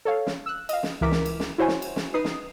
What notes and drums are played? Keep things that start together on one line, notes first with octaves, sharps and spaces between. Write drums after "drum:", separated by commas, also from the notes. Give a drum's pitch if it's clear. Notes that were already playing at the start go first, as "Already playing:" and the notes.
A4 C#5 F5
drum: snare
E6 F#6
D#5 F5, drum: cymbal
drum: snare
C#2 E3 A#4 E5 D6 B6
drum: snare
drum: cymbal
drum: snare
E4 F#4 C5 C#5 G#5
drum: snare
drum: cymbal
drum: snare
D#4 B4 D#6 C7
drum: snare